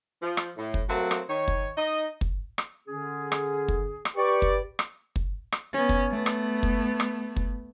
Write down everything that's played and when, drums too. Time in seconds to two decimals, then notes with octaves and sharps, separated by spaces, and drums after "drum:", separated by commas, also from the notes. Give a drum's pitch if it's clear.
0.22 F3
0.37 drum: rim click
0.57 A2
0.74 drum: kick
0.89 F#3 A3 A#3 C4 F#4
1.11 drum: rim click
1.29 D#3 C#5
1.48 drum: kick
1.77 D#4 D#5
2.21 drum: kick
2.58 drum: rim click
2.87 D3 C#4 G#4
3.32 drum: rim click
3.68 drum: kick
4.05 drum: rim click
4.16 G4 B4 D5 C#6
4.42 drum: kick
4.79 drum: rim click
5.16 drum: kick
5.52 drum: rim click
5.73 B3 C#4
5.89 drum: kick
6.11 A3 B3
6.26 drum: rim click
6.63 drum: kick
7.00 drum: rim click
7.36 drum: kick